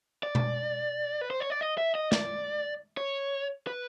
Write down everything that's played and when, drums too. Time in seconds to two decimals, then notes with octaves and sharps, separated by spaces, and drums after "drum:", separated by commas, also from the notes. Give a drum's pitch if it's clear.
0.23 D5
0.35 drum: tom B2
1.21 B4
1.31 C5
1.40 C#5
1.50 D5
1.61 D#5
1.78 E5
1.95 D#5
2.12 D5, drum: snare
2.97 C#5
3.67 B4